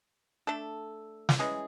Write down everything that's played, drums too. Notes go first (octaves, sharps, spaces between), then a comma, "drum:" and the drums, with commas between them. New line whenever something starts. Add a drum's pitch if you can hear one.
A3 D4 A4
drum: snare
E3 G#3 C#4 G#4